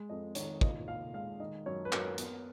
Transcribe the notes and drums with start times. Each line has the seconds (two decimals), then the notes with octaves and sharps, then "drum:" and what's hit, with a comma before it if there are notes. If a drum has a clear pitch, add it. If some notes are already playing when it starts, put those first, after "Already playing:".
Already playing: G#3
0.09 F2 D#5
0.35 D#3 C#5, drum: hi-hat
0.61 A#2 D#5, drum: kick
0.88 A#2 F5
1.14 G#3 F5
1.40 D#3 D#5
1.66 F#2 C#5
1.85 B4
1.92 F#2 A#4, drum: clap
2.18 B3, drum: hi-hat